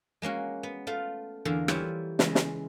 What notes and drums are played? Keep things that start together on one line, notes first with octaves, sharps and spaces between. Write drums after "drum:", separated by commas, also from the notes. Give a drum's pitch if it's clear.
G#3 A#3 C#4 F#4
B3
A3 F4 F5
E2 D3 A#3 A#4
E3 G3 E4 F4 C#5, drum: rim click
C#3 E3 G#3, drum: snare
drum: snare